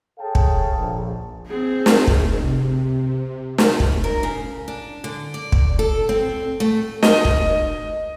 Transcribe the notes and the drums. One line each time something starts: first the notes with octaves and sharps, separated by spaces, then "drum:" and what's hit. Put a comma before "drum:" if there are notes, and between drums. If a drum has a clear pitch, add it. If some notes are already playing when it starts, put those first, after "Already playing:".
G#4 A4 C#5 F5 G5 A5
drum: kick
A#1
C4 G#4
drum: snare
drum: kick
C3
drum: snare
drum: kick
A#4
C#3
D4
D3
D5
drum: kick
A4
C4
A3
D#5, drum: snare
drum: kick